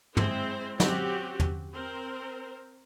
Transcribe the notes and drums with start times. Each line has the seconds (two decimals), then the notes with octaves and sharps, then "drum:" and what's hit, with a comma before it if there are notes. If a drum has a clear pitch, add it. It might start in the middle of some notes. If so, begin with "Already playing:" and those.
0.17 G#3 C4 E4 C5, drum: tom
0.80 C4 C#4 F#4 G4, drum: snare
1.40 drum: tom E2
1.74 C4 A#4 C5